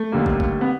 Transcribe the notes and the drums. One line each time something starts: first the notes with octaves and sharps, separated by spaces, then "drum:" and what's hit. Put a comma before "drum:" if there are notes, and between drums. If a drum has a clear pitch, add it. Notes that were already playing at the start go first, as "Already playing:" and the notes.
Already playing: A3
D#2 D3 G3 A#3
drum: kick
drum: kick
B3